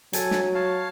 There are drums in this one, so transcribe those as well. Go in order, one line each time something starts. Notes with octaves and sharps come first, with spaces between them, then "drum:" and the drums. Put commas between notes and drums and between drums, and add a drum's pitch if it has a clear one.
F#3 A4 G#5, drum: hi-hat
drum: snare
C#5 F5 A5